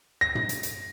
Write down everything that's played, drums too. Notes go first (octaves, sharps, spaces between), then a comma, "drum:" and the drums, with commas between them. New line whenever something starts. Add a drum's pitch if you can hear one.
A#6
drum: tom
drum: hi-hat
drum: hi-hat